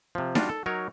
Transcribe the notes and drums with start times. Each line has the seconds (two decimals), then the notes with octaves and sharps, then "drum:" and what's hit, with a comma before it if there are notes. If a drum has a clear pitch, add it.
0.15 C3 F3
0.35 G3 D4 F4 F#4, drum: snare D#4
0.49 A4
0.66 F#3 D#4 A#4 C#5